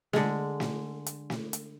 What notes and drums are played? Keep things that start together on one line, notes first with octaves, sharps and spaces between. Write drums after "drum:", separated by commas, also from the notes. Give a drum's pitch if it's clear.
D3 G#3, drum: snare
drum: snare
drum: hi-hat
drum: snare
drum: hi-hat